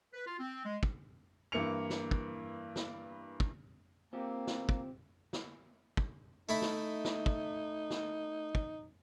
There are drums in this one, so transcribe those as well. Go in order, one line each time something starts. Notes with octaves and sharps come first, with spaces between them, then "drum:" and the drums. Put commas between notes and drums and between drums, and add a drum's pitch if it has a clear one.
B4
F4
C4
G#3
drum: kick
G2 E3 A#3 E4 C#7 F7
drum: snare
drum: kick
drum: snare
drum: kick
A#3 C4 F4 G4
drum: snare
drum: kick
drum: snare
drum: kick
A3 D#4 E4 B5
drum: snare
drum: snare
drum: kick
drum: snare
drum: kick